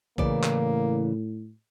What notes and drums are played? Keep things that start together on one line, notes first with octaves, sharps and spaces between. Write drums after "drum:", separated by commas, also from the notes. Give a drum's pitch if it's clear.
A2 C#3 E3 A#3 D5, drum: kick A#1
drum: clap